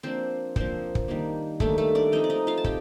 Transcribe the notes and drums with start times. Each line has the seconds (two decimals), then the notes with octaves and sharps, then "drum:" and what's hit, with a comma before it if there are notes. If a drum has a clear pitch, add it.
0.03 F3 A#3 C4 D4 C5
0.56 F3 A#3 C4 D4 C5, drum: kick
0.95 drum: kick
1.08 D#3 G3 A#3 D4
1.60 D#3 G3 A3 A#3 D4 A4, drum: kick
1.78 A3 A4
1.95 D4 D5
2.12 F3 C4 D#4 D#5
2.24 D5
2.30 D#4 D#5
2.47 F4 F5
2.57 A5
2.64 C4 G4 G5, drum: kick